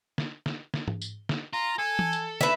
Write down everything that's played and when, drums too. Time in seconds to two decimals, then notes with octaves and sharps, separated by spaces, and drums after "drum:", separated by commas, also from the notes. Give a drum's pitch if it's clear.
0.18 drum: snare
0.46 drum: snare
0.74 drum: snare
0.88 drum: tom G#2
1.02 drum: tambourine
1.29 drum: snare
1.53 F4 A#5
1.78 A4 G#5
1.99 drum: tom E3
2.13 drum: tambourine
2.41 B4 E5, drum: snare